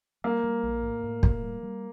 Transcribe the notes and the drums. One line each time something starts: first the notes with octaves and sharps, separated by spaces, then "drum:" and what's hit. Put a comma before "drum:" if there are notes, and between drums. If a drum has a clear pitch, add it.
G3 A#3
G3
A#1
A2
A2
A2, drum: kick
G3
G3